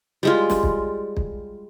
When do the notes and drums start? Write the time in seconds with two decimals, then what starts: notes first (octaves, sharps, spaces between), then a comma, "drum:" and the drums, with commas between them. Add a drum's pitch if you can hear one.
0.23 G3 G#3 F4
0.50 drum: snare
0.63 drum: kick
1.17 drum: kick